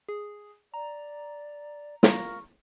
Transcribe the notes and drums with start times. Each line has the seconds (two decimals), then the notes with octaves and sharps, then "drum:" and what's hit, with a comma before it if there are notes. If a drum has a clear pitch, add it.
0.09 G#4
0.74 D5 A#5
2.03 F4 A#4 C#6, drum: snare